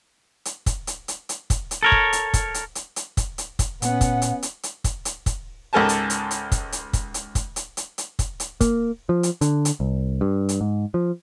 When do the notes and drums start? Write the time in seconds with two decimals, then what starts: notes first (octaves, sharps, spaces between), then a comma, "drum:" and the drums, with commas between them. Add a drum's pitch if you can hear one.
0.45 drum: hi-hat
0.66 drum: kick, hi-hat
0.87 drum: hi-hat
1.08 drum: hi-hat
1.29 drum: hi-hat
1.50 drum: kick, hi-hat
1.71 drum: hi-hat
1.83 A4 A#4 C#5
1.92 drum: kick
2.13 drum: hi-hat
2.34 drum: kick, hi-hat
2.54 drum: hi-hat
2.75 drum: hi-hat
2.96 drum: hi-hat
3.17 drum: kick, hi-hat
3.38 drum: hi-hat
3.59 drum: kick, hi-hat
3.82 A#2 B3 C#4 F#5, drum: hi-hat
4.01 drum: kick, hi-hat
4.22 drum: hi-hat
4.43 drum: hi-hat
4.63 drum: hi-hat
4.84 drum: kick, hi-hat
5.05 drum: hi-hat
5.26 drum: kick, hi-hat
5.73 C#2 G#2 A4 A#4 G#5 A5
5.89 drum: hi-hat
6.10 drum: hi-hat
6.31 drum: hi-hat
6.52 drum: kick, hi-hat
6.72 drum: hi-hat
6.93 drum: kick, hi-hat
7.14 drum: hi-hat
7.35 drum: kick, hi-hat
7.56 drum: hi-hat
7.77 drum: hi-hat
7.98 drum: hi-hat
8.19 drum: kick, hi-hat
8.40 drum: hi-hat
8.61 A#3, drum: kick, hi-hat
9.09 F3
9.23 drum: hi-hat
9.41 D3, drum: hi-hat
9.65 drum: hi-hat
9.80 C2
10.21 G2
10.49 drum: hi-hat
10.61 G#2
10.94 F3